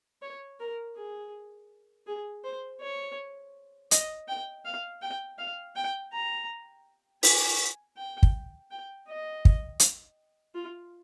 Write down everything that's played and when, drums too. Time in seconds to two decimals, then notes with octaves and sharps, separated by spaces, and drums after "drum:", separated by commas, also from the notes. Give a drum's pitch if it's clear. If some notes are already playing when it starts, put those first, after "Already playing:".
0.22 C#5
0.60 A#4
0.96 G#4
2.07 G#4
2.44 C5
2.81 C#5
3.91 D#5, drum: hi-hat
4.28 G5
4.65 F5
5.02 G5
5.38 F5
5.76 G5
6.13 A#5
7.23 G#5, drum: open hi-hat
7.97 G5
8.23 drum: kick
8.71 G5
9.07 D#5
9.45 drum: kick
9.80 drum: hi-hat
10.55 F4